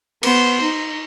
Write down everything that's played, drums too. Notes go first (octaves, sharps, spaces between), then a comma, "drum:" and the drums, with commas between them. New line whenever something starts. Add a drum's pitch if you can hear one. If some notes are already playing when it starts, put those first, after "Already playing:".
B3 C5, drum: cymbal
D#4